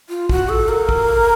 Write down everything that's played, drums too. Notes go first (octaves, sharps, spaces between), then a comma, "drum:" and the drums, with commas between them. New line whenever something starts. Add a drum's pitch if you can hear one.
F4
F#4, drum: kick
A4
A#4
drum: kick